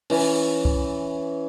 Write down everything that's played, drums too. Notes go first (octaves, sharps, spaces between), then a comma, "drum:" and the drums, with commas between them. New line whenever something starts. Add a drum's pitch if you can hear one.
E3 C#4, drum: open hi-hat
drum: kick